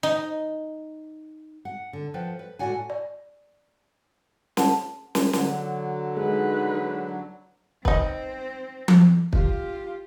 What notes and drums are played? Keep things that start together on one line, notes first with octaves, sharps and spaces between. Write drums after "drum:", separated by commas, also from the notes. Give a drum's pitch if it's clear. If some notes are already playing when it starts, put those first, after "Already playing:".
D#4
F#5
D3
F3 B4 F#5 G5
B4
A2 A#3 F#4 D5 F#5 G#5
D5
F#5 A5, drum: snare
drum: snare
D3 F#3, drum: snare
G#3 D#4 B4
C4 D#4 B4, drum: kick
drum: tom F3
F4 G4, drum: kick